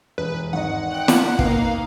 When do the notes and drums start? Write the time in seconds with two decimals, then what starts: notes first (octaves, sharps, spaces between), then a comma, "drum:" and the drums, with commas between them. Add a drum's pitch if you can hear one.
0.18 E1 B4
0.53 G#1 D#5 F#5
0.90 G5 F#6
1.08 drum: snare
1.39 A#3 B3 D#4 F5, drum: kick